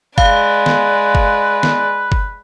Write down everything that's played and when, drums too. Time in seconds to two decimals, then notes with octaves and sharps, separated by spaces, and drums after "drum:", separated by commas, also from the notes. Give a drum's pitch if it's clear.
0.18 G#3 B4 D5 F5, drum: kick G1
0.66 drum: snare
1.15 drum: kick G1
1.63 drum: snare
2.12 drum: kick G1